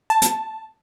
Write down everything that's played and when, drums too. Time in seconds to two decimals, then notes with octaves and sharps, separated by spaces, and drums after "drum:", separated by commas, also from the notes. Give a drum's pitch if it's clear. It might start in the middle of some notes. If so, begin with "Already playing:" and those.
0.10 A5
0.22 drum: hi-hat